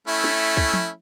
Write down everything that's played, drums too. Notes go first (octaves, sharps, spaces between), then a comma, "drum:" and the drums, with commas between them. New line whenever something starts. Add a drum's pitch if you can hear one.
A3 C#4 E4
drum: snare
drum: kick
drum: tom F3